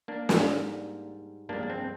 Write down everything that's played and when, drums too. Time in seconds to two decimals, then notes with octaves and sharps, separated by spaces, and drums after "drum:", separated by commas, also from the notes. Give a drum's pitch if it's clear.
0.08 A#3 D4
0.29 G#2 G3, drum: snare
1.49 G2 F3 G#3 A#3 D4
1.63 D4
1.70 C4